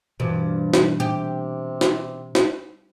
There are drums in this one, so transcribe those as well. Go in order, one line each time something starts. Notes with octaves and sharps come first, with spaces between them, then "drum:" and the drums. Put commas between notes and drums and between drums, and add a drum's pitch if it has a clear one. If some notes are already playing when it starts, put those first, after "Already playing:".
G2 B2 E3 F3
drum: snare
C3 G4
drum: snare
drum: snare